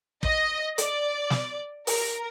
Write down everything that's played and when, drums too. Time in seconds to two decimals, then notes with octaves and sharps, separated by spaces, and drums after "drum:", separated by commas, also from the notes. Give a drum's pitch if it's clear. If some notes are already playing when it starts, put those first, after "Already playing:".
0.23 D#5, drum: kick
0.78 D5, drum: hi-hat
1.30 drum: snare
1.87 A#4, drum: open hi-hat